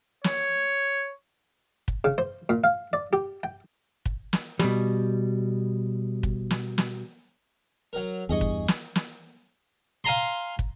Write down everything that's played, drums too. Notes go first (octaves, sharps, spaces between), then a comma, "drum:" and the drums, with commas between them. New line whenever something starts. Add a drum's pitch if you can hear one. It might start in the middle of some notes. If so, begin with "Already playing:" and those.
C#5, drum: snare
drum: kick
C#3
C5
A#2
F5
D5
G4
G5
drum: kick
drum: snare
B2 G3, drum: snare
drum: kick
drum: snare
drum: snare
F#3 A#4
E2 G2 G#4 D#5 C#6
drum: kick
drum: snare
drum: snare
F5 G#5 A#5 C6
drum: kick